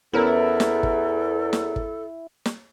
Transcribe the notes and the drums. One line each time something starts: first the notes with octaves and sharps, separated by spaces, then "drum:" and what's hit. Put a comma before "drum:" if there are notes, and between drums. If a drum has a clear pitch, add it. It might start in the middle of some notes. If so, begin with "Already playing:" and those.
E2 B3 C#4 E4 A4 A#4
drum: snare
drum: kick
drum: snare
drum: kick
drum: snare